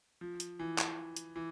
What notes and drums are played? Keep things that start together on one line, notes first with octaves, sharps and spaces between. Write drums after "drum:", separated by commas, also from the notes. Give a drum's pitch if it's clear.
F3
drum: hi-hat
E3
drum: clap
drum: hi-hat
E3